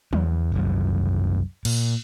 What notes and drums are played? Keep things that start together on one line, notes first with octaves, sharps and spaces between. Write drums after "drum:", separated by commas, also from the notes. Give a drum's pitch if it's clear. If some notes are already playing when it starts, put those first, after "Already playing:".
E2, drum: tom F3
F#1 C2 F#2
A#2, drum: cymbal